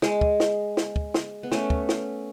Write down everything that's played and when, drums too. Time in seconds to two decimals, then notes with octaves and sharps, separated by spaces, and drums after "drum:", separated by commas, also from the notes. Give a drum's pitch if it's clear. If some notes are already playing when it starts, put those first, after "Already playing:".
0.02 G#3, drum: snare
0.21 drum: kick
0.40 drum: snare
0.77 drum: snare
0.96 drum: kick
1.14 drum: snare
1.43 B3
1.52 A3 C#4, drum: snare
1.70 drum: kick
1.89 drum: snare